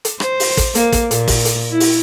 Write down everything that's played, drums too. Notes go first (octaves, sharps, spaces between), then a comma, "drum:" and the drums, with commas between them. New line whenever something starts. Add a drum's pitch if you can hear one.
drum: hi-hat
C5, drum: rim click
drum: open hi-hat
drum: kick, hi-hat
A#3, drum: hi-hat
drum: kick, hi-hat
A#2, drum: hi-hat
drum: kick, open hi-hat
drum: hi-hat
E4
drum: open hi-hat